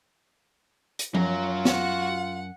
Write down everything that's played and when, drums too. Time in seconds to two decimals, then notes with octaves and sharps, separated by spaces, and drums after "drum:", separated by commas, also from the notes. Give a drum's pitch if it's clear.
0.99 drum: hi-hat
1.15 F#2 F4 F#4 A#5, drum: tom F3
1.65 F#5, drum: snare